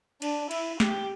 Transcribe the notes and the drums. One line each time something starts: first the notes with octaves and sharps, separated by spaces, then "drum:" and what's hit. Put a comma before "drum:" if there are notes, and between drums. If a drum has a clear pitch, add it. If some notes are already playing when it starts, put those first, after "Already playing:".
D4, drum: cymbal
E4, drum: cymbal
G4, drum: snare